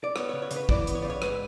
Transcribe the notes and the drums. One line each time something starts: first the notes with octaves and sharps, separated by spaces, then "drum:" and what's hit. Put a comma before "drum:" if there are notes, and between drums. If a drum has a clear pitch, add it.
D5
B3 C#5, drum: rim click
C#5
C#3
C#5
C#3, drum: hi-hat
B4
E3 D5, drum: kick
B3, drum: hi-hat
C#5
C#3 D5
C#5
G#2 B4, drum: rim click